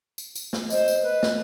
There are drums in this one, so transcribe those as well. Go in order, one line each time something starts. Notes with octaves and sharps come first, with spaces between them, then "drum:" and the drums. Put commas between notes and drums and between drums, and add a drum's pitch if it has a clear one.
drum: tambourine
drum: tambourine
drum: snare
C5 D#5, drum: tambourine
drum: tambourine
B4
drum: snare